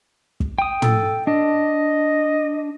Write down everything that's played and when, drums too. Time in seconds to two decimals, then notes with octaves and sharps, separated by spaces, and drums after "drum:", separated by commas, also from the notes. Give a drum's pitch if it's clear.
0.40 drum: kick
0.58 G5 D#6
0.82 A4, drum: tom
1.27 D4 D#5